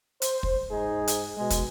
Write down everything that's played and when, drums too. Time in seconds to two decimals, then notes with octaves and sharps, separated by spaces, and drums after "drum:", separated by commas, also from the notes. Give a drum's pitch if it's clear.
0.22 C5, drum: hi-hat
0.43 drum: kick
0.71 G#2 D#4 G#4
1.07 drum: hi-hat
1.37 B2 G#3
1.50 drum: kick, hi-hat